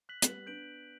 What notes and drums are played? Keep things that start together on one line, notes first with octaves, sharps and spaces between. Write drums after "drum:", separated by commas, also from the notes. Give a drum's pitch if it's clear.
F#6 B6 F#7
A3, drum: hi-hat
G3 B3
B3 D4 G6 D7 F#7